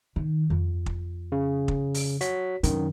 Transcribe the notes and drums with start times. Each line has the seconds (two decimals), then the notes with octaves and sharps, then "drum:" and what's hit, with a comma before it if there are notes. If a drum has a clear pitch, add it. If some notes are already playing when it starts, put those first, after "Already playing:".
0.16 D#3
0.50 F2
0.86 drum: kick
1.32 C#3
1.68 drum: kick
1.94 drum: open hi-hat
2.21 F#4 C#5 B6, drum: hi-hat
2.63 F#2 D3 D#3, drum: hi-hat